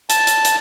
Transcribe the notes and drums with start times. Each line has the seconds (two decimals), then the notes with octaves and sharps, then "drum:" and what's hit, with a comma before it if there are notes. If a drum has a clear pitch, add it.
0.10 A5, drum: hi-hat
0.27 drum: hi-hat
0.45 drum: hi-hat